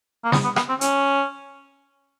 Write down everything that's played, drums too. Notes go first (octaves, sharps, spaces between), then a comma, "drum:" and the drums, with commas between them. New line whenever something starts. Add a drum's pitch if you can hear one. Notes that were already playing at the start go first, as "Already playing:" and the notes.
A#3
B3, drum: snare
B3
B3, drum: rim click
C4
C#4, drum: hi-hat